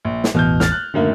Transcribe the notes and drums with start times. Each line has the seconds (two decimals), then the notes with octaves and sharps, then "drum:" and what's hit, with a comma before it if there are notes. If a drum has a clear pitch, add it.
0.05 A#1
0.24 drum: snare
0.35 A1 E2 B2 F6 G6
0.60 F6 A6, drum: snare
0.72 F#6
0.94 F#2 A2 D3 D#3 A#3